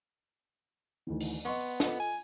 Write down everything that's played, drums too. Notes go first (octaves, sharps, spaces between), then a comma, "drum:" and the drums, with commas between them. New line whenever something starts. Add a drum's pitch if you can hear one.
D2 D#3 E3
drum: open hi-hat
B3 D#5 C6 C#6
F4 A4 D#5, drum: snare
G#5